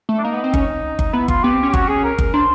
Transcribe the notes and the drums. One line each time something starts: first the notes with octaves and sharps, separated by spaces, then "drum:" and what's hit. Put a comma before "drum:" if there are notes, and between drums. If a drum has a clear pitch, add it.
A3
D4
A#3 D#4
B3
C4
C#4, drum: kick G1
drum: kick G1
B3 E4
F4, drum: kick G1
B3 G4
C4
C#4
G4
F#4, drum: kick G1
G#4
A#4
drum: kick G1
D4 C5